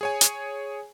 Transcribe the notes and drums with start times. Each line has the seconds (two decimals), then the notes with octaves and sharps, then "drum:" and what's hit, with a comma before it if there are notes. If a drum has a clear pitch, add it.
0.01 G#4 C#5 G#5
0.21 drum: hi-hat